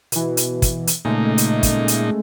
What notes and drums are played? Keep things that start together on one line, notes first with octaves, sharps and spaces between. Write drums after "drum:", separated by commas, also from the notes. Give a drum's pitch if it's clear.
B2 E3, drum: hi-hat
drum: hi-hat
drum: kick, hi-hat
drum: hi-hat
A#2 C#3 G#3 A3 D#4
drum: hi-hat
drum: kick, hi-hat
drum: hi-hat